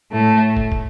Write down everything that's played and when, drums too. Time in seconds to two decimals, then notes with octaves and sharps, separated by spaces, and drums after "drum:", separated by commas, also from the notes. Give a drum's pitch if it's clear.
0.11 A2 A3
0.57 drum: kick
0.72 drum: kick